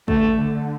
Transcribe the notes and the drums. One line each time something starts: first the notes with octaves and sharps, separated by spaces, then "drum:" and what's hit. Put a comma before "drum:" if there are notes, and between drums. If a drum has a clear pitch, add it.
D3 A3, drum: kick
D3